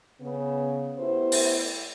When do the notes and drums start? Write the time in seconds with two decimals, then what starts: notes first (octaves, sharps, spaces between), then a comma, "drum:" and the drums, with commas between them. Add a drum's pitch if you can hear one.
0.21 C#3 B3
0.98 A3 B3 E4 G4 C5
1.32 drum: open hi-hat